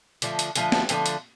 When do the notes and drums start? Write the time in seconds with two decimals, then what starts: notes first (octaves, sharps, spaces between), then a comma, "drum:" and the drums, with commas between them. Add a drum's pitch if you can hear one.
0.22 D3 F3 A3, drum: hi-hat
0.39 drum: hi-hat
0.56 D3 F3 A3, drum: hi-hat
0.72 drum: snare
0.89 D3 F3 A3 C4, drum: hi-hat
1.06 drum: hi-hat